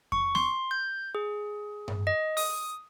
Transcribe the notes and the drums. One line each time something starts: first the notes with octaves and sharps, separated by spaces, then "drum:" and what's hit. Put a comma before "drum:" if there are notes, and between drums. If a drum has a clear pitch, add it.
C#6, drum: kick F2
C6, drum: snare
G6
G#4
drum: tom G2
D#5
D#6, drum: open hi-hat